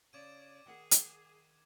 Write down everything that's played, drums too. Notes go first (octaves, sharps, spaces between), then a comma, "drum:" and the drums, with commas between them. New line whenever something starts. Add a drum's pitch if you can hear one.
C#3 D5 D6 G#6 D#7
D#3 G#4 F#5
drum: hi-hat